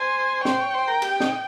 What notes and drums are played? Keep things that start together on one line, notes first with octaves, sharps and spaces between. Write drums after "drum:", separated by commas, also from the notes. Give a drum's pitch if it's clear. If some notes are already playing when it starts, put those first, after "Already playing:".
Already playing: C5 G#5
C#5
C5 G5, drum: snare
C#5
C5
A#4
G4, drum: cymbal
D#4, drum: snare